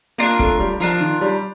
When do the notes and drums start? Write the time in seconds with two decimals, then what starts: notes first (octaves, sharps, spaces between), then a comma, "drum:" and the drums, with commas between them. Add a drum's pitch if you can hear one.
0.18 A#3 D4 F4 A#4
0.39 A3, drum: kick
0.59 G3
0.80 F3 D4 F4 A#4
1.01 D#3
1.21 G3